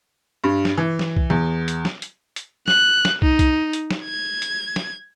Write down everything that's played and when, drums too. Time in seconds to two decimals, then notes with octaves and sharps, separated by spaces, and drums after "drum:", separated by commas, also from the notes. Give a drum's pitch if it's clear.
0.44 G2
0.65 drum: snare
0.78 E3
0.99 drum: snare
1.16 drum: kick
1.30 E2
1.68 drum: hi-hat
1.85 drum: snare
2.02 drum: hi-hat
2.36 drum: hi-hat
2.68 F#6, drum: snare
3.05 drum: snare
3.22 D#4, drum: kick
3.39 drum: kick, hi-hat
3.73 drum: hi-hat
3.91 drum: snare
4.05 G#6
4.42 drum: hi-hat
4.76 drum: snare